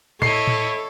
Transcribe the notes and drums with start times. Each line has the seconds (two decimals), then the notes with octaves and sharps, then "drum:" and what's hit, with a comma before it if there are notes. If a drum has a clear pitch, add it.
0.22 E4 A4 C#5 D#5 C7, drum: tom A2
0.47 drum: tom A2